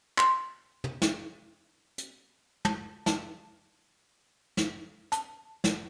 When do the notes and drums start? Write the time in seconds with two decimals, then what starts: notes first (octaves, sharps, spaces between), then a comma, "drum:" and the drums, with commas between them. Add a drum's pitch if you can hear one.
0.18 C6, drum: clap
0.84 drum: tom
1.02 drum: snare
1.98 drum: hi-hat
2.65 A5, drum: tom
3.06 A5, drum: snare
4.57 drum: snare
5.12 A5, drum: hi-hat
5.64 drum: snare